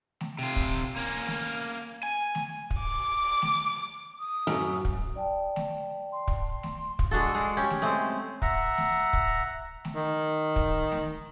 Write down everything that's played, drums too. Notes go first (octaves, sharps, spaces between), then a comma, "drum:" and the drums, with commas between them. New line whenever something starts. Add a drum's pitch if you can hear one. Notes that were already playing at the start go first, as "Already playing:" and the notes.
drum: snare A3
C3 F4
drum: kick
A#3 C#4
drum: snare A3
G#5
drum: snare A3
drum: kick
D6
drum: snare A3
D#6
F#2, drum: snare A3
drum: kick
D5 G5 A5
drum: snare A3
C6
drum: kick
drum: snare A3
drum: kick
G#3 D4 F#4 A4
G#3
C#4 G4
drum: snare A3
G#3 A3 C4
E5 F#5 A#5, drum: kick
drum: snare A3
drum: kick
drum: snare A3
D#3
drum: kick
drum: snare A3